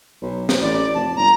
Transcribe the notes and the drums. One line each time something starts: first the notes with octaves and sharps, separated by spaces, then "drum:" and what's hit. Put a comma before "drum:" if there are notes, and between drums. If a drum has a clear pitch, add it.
B1
drum: snare
A1 D5
F1 A5
G1 A#5